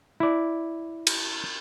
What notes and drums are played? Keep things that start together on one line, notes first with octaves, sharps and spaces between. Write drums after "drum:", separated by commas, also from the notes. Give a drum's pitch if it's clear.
E4 D5
drum: cymbal